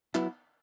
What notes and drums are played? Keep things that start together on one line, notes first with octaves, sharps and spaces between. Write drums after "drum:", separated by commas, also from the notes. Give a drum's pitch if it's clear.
F#3 B3 E4, drum: clap